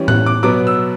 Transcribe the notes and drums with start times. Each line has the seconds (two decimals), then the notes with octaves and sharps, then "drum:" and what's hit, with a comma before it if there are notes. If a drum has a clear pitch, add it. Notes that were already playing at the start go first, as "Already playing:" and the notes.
Already playing: E3 G3 C#4
0.08 F#6, drum: tom A2
0.26 D6
0.43 B2 F#3 B3 D6
0.67 E6